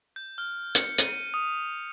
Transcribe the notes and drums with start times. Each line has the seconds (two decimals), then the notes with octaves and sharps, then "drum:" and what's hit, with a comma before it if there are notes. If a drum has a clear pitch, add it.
0.16 G6
0.38 F6
0.75 C#7, drum: hi-hat
0.98 D#7, drum: hi-hat
1.34 D#6